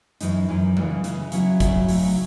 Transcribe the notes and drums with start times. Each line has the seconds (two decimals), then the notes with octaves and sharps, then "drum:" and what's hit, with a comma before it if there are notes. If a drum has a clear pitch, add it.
0.21 F#2 E3 G#3 D#4, drum: hi-hat
0.49 F#2 E3 G#3 D#4
0.77 C#3 E3 G#3, drum: tom F#3
1.04 C#3 E3 G#3, drum: hi-hat
1.32 C#3 F#3 C#4 E4, drum: hi-hat
1.60 C#3 F#3 C#4 E4, drum: kick, hi-hat
1.88 C#3 F#3 A3 D#4, drum: open hi-hat